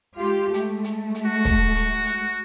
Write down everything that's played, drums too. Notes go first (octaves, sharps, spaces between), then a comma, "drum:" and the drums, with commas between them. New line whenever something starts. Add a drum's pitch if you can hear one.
G#3 F4 G4
G#3 A3, drum: hi-hat
drum: hi-hat
drum: hi-hat
F#4
drum: kick, hi-hat
drum: hi-hat
drum: hi-hat